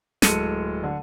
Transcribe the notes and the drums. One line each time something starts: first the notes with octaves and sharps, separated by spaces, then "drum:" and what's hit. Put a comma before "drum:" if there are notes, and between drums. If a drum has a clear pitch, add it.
D1 G#3 A4 C#7 D#7, drum: snare
D3